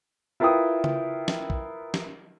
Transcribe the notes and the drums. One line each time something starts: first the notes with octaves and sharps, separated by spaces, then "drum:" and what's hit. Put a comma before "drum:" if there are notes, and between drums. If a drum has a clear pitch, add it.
E4 F4 A#4 B4 G5 D#6
drum: tom C#3
drum: snare
drum: kick B1
drum: snare